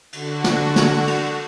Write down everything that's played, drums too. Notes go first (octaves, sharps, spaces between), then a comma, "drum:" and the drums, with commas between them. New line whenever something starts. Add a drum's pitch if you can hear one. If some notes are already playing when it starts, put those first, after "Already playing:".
D3 F#4, drum: cymbal
drum: snare
drum: snare
drum: cymbal